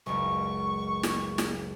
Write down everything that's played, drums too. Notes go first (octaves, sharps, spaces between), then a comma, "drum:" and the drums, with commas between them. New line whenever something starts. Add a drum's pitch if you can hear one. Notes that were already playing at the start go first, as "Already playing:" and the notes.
F#1 C#2 C#6
drum: snare
drum: snare